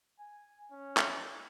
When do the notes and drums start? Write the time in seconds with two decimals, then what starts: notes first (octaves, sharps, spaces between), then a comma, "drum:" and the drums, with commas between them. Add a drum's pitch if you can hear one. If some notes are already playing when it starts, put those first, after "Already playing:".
0.20 G#5
0.72 C#4
0.97 drum: clap